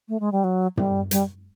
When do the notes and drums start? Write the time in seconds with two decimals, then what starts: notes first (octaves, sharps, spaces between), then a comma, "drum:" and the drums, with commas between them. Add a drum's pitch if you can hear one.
0.09 A3
0.20 G#3
0.32 G3
0.44 F#3
0.77 G3, drum: tom
1.11 G3, drum: hi-hat